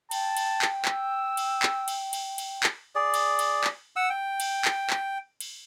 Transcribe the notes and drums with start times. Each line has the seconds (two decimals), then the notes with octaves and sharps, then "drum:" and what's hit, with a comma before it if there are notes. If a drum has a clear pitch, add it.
0.11 G5 A5, drum: cymbal
0.37 drum: cymbal
0.62 drum: clap
0.85 E6, drum: clap
1.37 drum: cymbal
1.63 drum: clap
1.88 drum: cymbal
2.13 drum: cymbal
2.38 drum: cymbal
2.63 drum: clap
2.95 G#4 D5
3.14 drum: cymbal
3.39 drum: cymbal
3.64 drum: clap
3.96 F#5 E6
4.10 G5
4.40 drum: cymbal
4.65 drum: clap
4.90 drum: clap
5.40 drum: cymbal